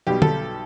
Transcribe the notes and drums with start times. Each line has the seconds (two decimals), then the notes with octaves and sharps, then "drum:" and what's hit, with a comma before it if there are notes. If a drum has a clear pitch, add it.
0.07 B1 B2 G3 G4
0.22 A4, drum: tom